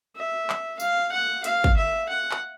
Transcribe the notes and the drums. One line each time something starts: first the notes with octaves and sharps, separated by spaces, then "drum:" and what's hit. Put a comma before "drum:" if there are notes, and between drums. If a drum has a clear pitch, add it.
E5
drum: clap
F5, drum: tambourine
F#5
F5, drum: hi-hat
drum: kick
E5
F#5
drum: clap